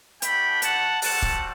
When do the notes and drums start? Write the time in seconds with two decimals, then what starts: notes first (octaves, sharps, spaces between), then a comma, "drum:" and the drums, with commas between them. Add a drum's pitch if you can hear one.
0.22 A3 D4 F#4 G5 B5, drum: hi-hat
0.62 F#5 A5, drum: hi-hat
1.02 G3 C4 F#4 F#5 A5, drum: open hi-hat
1.22 drum: kick